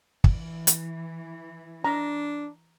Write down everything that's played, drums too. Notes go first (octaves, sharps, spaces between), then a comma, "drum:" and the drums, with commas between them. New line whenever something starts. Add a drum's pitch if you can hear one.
E3, drum: kick
drum: hi-hat
D4 A#5